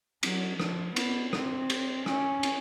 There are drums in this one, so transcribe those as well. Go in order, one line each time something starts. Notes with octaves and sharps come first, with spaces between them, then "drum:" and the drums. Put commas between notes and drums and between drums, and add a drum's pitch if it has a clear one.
F#3, drum: cymbal
F3, drum: rim click
B3, drum: cymbal
C4, drum: rim click
drum: cymbal
C#4, drum: rim click
drum: cymbal